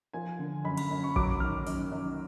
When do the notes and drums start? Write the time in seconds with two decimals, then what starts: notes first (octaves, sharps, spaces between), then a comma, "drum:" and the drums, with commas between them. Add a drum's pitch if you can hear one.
0.13 F3 G#5
0.39 D3
0.65 F#2 B5
0.77 B5, drum: cymbal
0.91 F#2
1.03 C#6
1.16 F#3 D6, drum: kick A#1
1.40 D#3 F6
1.67 F#2, drum: open hi-hat
1.92 F#2